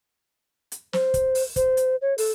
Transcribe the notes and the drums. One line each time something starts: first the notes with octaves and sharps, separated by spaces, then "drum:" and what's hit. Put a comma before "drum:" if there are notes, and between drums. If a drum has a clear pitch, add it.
drum: hi-hat
C5, drum: snare
drum: kick, hi-hat
drum: open hi-hat
C5, drum: kick, hi-hat
drum: hi-hat
C#5
A4, drum: open hi-hat